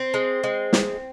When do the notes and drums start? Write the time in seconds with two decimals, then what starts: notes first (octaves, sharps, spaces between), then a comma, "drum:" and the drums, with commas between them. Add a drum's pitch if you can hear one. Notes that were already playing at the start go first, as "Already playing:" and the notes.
Already playing: C4
0.14 G#3
0.43 G#3
0.73 drum: snare